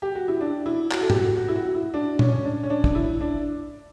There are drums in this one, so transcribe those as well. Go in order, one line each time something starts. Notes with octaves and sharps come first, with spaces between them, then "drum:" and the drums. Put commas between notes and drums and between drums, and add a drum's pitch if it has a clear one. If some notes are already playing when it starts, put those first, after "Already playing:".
G4
F#4
E4
D4
E4
F#4, drum: clap
A4
G4, drum: tom
F#4
F#4
E4
F#4
E4
D4
C#4, drum: tom
C#4
D4
C#4
D4
D4, drum: kick
E4
D4